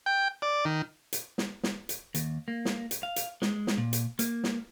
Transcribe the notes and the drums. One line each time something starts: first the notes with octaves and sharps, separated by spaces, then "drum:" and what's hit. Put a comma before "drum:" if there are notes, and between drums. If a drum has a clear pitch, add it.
G5
D5
D#3
drum: hi-hat
drum: snare
drum: snare
drum: hi-hat
D#2, drum: hi-hat
A#3
drum: snare
drum: hi-hat
F5
drum: hi-hat
G#3, drum: snare
drum: snare
A#2
drum: hi-hat
A#3, drum: hi-hat
drum: snare